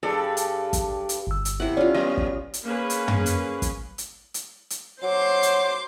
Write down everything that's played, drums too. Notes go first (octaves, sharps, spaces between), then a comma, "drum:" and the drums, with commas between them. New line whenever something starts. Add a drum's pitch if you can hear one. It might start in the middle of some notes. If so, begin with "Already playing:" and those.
G2 G#4 A4 D5
drum: hi-hat
drum: kick, hi-hat
drum: hi-hat
G1 E6
drum: hi-hat
C3 E4 F#5
C#4 F4 D5
F#3 B3 D#5
drum: kick
drum: hi-hat
A#3 C#4 G#4 B4
drum: hi-hat
drum: tom
drum: hi-hat
drum: kick, hi-hat
drum: hi-hat
drum: hi-hat
drum: hi-hat
F#3 C5 C6 D6
drum: hi-hat